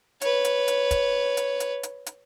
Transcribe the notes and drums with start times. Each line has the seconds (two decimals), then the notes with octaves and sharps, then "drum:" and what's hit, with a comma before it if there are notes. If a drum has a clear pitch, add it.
0.21 B4 C#5, drum: hi-hat
0.45 drum: hi-hat
0.68 drum: hi-hat
0.91 drum: kick, hi-hat
1.37 drum: hi-hat
1.60 drum: hi-hat
1.83 drum: hi-hat
2.06 drum: hi-hat